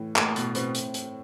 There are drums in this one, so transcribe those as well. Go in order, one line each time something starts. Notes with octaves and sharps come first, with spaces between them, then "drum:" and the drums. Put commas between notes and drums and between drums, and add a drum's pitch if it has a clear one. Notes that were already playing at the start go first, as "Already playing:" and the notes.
Already playing: A2 E3
A2 A#3, drum: clap
B2 B3, drum: hi-hat
B2 B3 C4, drum: hi-hat
drum: hi-hat
drum: hi-hat